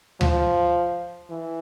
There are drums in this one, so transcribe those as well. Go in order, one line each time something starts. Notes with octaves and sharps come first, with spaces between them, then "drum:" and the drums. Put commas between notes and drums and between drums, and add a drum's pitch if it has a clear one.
F3, drum: tom D2
E3